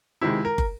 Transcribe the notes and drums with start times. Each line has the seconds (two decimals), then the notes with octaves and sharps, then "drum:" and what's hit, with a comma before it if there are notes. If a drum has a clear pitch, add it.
0.21 C#2 C3 D#3 G#3 E4
0.45 A#4
0.58 drum: kick